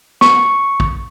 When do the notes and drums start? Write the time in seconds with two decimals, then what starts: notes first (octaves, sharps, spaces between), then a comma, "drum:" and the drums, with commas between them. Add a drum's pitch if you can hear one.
0.21 C#6, drum: snare
0.80 drum: kick